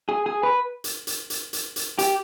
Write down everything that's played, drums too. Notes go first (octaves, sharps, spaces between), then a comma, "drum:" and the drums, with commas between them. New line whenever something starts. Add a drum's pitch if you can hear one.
G#4
G#4
B4
drum: hi-hat
drum: hi-hat
drum: hi-hat
drum: hi-hat
drum: hi-hat
G4, drum: hi-hat